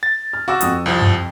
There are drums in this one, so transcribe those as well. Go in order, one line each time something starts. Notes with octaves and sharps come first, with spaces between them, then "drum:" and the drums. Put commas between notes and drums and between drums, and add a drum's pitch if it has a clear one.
A6
F6
F#4 F5 D6 E6
F2 D#6, drum: hi-hat
C2 F3
drum: tom F#2